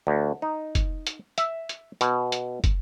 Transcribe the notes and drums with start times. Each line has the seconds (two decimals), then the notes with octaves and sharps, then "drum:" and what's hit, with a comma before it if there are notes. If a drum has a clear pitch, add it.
0.07 D2
0.42 D#4
0.75 drum: kick, hi-hat
1.07 drum: hi-hat
1.38 E5, drum: hi-hat
1.69 drum: hi-hat
2.01 B2, drum: hi-hat
2.32 drum: hi-hat
2.64 drum: kick, hi-hat